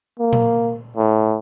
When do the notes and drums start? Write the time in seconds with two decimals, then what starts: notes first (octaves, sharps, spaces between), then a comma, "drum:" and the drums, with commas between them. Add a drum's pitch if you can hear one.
0.19 A#3
0.33 drum: tom A#2
0.97 A2